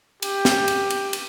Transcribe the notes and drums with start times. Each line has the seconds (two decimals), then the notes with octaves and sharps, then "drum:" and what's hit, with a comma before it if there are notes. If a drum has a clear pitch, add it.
0.22 G4, drum: cymbal
0.45 drum: snare
0.68 drum: cymbal
0.90 drum: cymbal
1.13 drum: cymbal